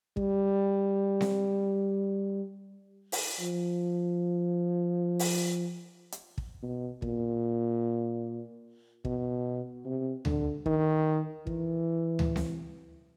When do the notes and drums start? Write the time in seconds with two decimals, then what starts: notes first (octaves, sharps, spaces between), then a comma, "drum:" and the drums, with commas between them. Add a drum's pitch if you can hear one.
0.17 G3, drum: kick
1.21 drum: snare C4
3.12 drum: open hi-hat
3.40 F3
5.19 drum: open hi-hat
6.12 drum: hi-hat
6.38 drum: kick
6.63 B2
7.02 A#2, drum: kick
9.05 B2, drum: kick
9.85 C3
10.25 D3, drum: tom D2
10.66 D#3, drum: kick
11.47 E3, drum: kick
12.19 drum: tom D2
12.36 drum: snare C4